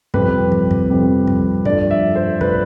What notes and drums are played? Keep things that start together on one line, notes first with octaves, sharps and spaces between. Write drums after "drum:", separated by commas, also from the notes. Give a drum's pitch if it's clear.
F2 C3 G3 B4, drum: kick
drum: kick
drum: kick
F2 C3 G3
drum: kick
G2 F3 A3 D5, drum: kick
E5
C5
F3 A3 B4, drum: kick